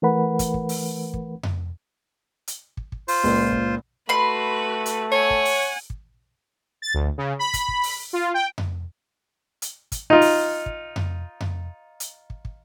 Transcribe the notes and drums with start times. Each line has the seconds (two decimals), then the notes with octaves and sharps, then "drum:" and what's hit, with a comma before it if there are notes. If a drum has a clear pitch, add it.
0.02 E3 A3 A#4 B4 F#5 B5
0.39 drum: kick, hi-hat
0.54 drum: kick
0.69 drum: open hi-hat
1.14 drum: kick
1.43 drum: tom F2
2.48 drum: hi-hat
2.77 drum: kick
2.92 drum: kick
3.08 F4 C5, drum: open hi-hat
3.24 C#2 A#2
3.52 drum: kick
4.09 A3 F#4 B4 B5 C6
4.86 drum: hi-hat
5.12 C#5 F#5 G#5
5.30 drum: kick
5.45 drum: open hi-hat
5.90 drum: kick
6.82 A6
6.94 D2
7.18 C#3
7.39 B5
7.54 drum: kick, hi-hat
7.68 drum: kick
7.83 drum: open hi-hat
8.13 F4
8.34 G5
8.58 drum: tom F2
9.62 drum: hi-hat
9.92 drum: kick, hi-hat
10.10 D#4 F4
10.21 drum: open hi-hat
10.66 drum: kick
10.96 drum: tom F2
11.40 drum: tom F2
12.00 drum: hi-hat
12.30 drum: kick
12.45 drum: kick